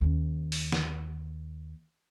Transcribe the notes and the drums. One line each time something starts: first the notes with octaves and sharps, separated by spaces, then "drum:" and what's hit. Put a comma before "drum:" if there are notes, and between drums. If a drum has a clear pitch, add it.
D#2 C#4
drum: open hi-hat
drum: snare